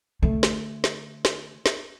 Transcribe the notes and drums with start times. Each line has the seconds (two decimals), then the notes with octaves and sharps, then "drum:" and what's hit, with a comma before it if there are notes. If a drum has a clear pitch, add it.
0.23 D3 A3
0.43 drum: snare
0.84 drum: snare
1.25 drum: snare
1.66 drum: snare